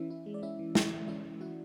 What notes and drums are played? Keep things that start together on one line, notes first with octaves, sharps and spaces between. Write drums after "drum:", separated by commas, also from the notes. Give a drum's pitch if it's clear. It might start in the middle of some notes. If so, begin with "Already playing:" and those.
Already playing: E3 C#4 E4 E5
E4
G#3
D5
C#4 E4 E5
E3
E4, drum: snare
G#3
C#4 E4 E5
E3
E4 F#4 F#5